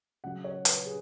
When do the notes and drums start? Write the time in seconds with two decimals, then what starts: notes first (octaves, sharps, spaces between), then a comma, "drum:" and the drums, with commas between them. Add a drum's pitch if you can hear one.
0.24 C#3 F#3 F#5
0.44 C#5
0.65 B4, drum: hi-hat
0.86 G#4